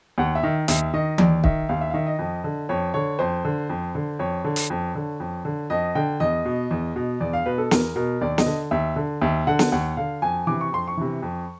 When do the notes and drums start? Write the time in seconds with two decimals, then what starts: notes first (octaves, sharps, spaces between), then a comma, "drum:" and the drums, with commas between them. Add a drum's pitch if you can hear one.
0.18 D#2 F#5
0.35 E5
0.43 D#3
0.68 D#2 E5, drum: hi-hat
0.94 D#3 D#5
1.18 D#2 D5, drum: tom E3
1.44 D#3 E5, drum: kick
1.69 D#2 F5
1.81 E5
1.90 F5
1.94 D#3 E5
2.07 D#5
2.19 F2
2.44 D3
2.69 F2 C#5
2.94 D3 C#5
3.19 F2 C5
3.45 D3
3.69 F2
3.95 D3
4.19 F2 C#5
4.45 D3
4.56 drum: hi-hat
4.70 F2
4.95 D3
5.20 F2
5.45 D3
5.70 F2 D#5
5.95 D3 G5
6.20 E2 D#5
6.45 B2
6.71 E2
6.96 B2
7.21 E2 D5
7.33 F5
7.46 B2 B4
7.58 A4
7.71 E2 A#4, drum: snare
7.96 B2 A#4
8.21 D#2 D5
8.38 D#5, drum: snare
8.46 D3
8.71 D#2 E5
8.96 D3
9.22 D#2 E5
9.47 D3 F#5
9.59 drum: snare
9.72 D#2 F#5
9.97 D3 F5
10.22 F2 G#5
10.47 C3 E3 D6
10.61 C#6
10.72 F2 C6
10.87 C#6
10.97 C3 E3
11.22 F2